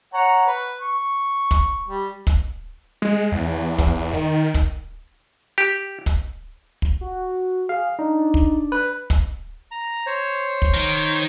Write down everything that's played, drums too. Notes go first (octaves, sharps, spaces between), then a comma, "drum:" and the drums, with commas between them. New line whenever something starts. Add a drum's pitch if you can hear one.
C#5 F#5 A#5
B4
C#6
drum: kick, hi-hat
G3
drum: kick, hi-hat
G#3
E2
E2
drum: kick, hi-hat
D#3
drum: kick, hi-hat
G4
drum: kick, hi-hat
drum: kick
F#4
G#4 F5
D4 D#4
drum: kick
B4
drum: kick, hi-hat
A#5
C5 C#5
drum: kick
D#3